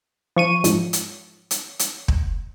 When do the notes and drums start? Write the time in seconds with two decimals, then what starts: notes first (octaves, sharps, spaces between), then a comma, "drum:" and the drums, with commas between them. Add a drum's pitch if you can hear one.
0.36 F3 C#6 D#7
0.64 G#2 F3, drum: hi-hat
0.93 drum: hi-hat
1.51 drum: hi-hat
1.79 drum: hi-hat
2.08 drum: kick